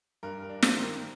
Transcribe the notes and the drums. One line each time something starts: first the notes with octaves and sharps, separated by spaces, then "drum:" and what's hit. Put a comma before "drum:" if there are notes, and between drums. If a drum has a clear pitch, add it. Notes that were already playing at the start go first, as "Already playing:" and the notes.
G2 A#4
A#4
D4
C5, drum: snare
D#3
A#4